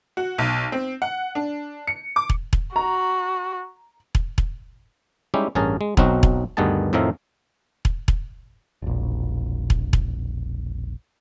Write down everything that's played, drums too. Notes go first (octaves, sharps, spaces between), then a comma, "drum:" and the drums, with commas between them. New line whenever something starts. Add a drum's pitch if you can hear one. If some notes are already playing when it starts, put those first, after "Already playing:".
F#4
B1
C4
F#5
D4
C#7
D6
drum: kick E1
drum: kick E1
F#4 A#5
drum: kick E1
drum: kick E1
G3 G#3 C#4 D#4 E4 G4
A1 G2 C#4 G#4 A#4 A5
G#3
B1 F#3 C4 D#4 F#4, drum: kick E1
drum: kick E1
D2 G2 D#3 B3 G#4 A5
F2 A2 D#3 F3 A#4 E5
drum: kick E1
drum: kick E1
E1 A#1
drum: kick E1
drum: kick E1